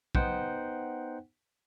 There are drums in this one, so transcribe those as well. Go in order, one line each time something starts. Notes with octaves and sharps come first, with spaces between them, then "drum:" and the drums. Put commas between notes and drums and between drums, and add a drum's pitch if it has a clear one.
B3 D#4 C5 F#5 G5, drum: kick